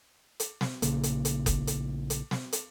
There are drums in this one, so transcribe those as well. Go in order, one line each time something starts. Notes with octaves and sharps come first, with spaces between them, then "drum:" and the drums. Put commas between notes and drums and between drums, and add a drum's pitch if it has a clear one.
drum: hi-hat
drum: snare
A#1 C#3 A#3, drum: hi-hat
drum: hi-hat
drum: hi-hat
drum: kick F#1, hi-hat
drum: hi-hat
drum: hi-hat
drum: snare
drum: hi-hat